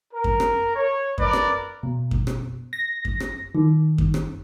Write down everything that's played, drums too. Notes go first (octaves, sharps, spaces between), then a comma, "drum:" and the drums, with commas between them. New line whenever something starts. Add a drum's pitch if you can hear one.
A#4
drum: kick F#2
drum: rim click
C#5
A#4 B4 D5, drum: kick F#2
drum: rim click
B2
drum: kick F#2
drum: rim click
A#6
drum: kick F#2
drum: rim click
D#3
drum: kick F#2
drum: rim click